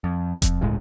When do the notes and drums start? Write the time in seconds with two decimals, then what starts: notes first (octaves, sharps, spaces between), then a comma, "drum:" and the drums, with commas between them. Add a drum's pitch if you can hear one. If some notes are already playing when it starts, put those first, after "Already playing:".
0.04 F2
0.42 F2, drum: kick E1, hi-hat
0.61 G1 C#2 A2 G#3